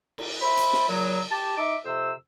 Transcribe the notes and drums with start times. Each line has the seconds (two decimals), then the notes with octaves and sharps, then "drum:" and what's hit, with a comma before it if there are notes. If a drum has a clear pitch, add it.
0.18 drum: cymbal
0.42 C5 E5 B5
0.57 drum: hi-hat
0.73 drum: snare
0.89 A#2 C#3 F#3
1.31 G4 A5
1.57 D#4 E5 D6
1.84 F2 C3 C5 E6